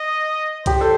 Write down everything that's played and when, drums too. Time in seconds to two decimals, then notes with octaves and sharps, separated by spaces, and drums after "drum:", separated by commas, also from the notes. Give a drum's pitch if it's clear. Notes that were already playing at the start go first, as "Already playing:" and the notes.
Already playing: D#5
0.66 G4 C5, drum: kick B1, hi-hat
0.81 A4